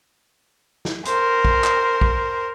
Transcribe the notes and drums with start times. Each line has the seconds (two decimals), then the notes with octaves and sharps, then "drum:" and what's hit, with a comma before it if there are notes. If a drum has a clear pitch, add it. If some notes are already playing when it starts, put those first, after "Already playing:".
0.85 drum: snare
1.05 A#4 C5, drum: hi-hat
1.45 drum: kick
1.64 drum: clap
2.01 drum: kick